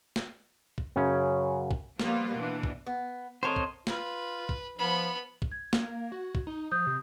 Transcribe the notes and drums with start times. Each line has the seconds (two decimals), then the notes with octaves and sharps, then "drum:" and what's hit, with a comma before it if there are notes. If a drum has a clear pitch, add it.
0.16 drum: snare
0.78 drum: kick B1
0.96 F#2 C#3 C#4
1.71 drum: kick B1
2.00 F3 G3 A#3 B3 F4, drum: snare
2.36 B2 E3 D4
2.63 drum: kick B1
2.87 B3
3.43 D#3 C4 A4 A#4 C5 C#5 D#5 C6
3.56 drum: kick B1
3.87 F4 B4, drum: snare
4.49 drum: kick B1
4.78 F3 B3 B5
5.42 drum: kick B1
5.52 G#6
5.73 A#3, drum: snare
6.12 F#4
6.35 drum: kick B1
6.47 D#4
6.71 F3 D#6 G6
6.87 C3